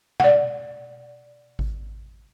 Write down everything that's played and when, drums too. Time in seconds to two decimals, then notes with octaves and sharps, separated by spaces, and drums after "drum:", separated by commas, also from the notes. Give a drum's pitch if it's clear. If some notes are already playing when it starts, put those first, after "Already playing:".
0.20 D5 F#5, drum: tom B2
1.59 drum: kick G#1